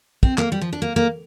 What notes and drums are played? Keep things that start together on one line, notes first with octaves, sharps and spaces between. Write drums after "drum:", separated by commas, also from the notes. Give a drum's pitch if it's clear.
C4, drum: kick
A#3, drum: clap
G3
F3
D4
A#3
A#3